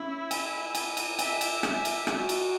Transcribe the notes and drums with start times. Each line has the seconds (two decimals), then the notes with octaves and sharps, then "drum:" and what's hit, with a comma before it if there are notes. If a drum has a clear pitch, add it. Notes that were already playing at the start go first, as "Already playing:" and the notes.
Already playing: C#4 E4
0.31 G#5, drum: cymbal
0.75 G#5, drum: cymbal
0.97 drum: cymbal
1.19 E5 G#5, drum: cymbal
1.41 drum: cymbal
1.63 E5 G#5, drum: rim click
1.85 drum: cymbal
2.07 F#4 G#5, drum: rim click
2.29 drum: cymbal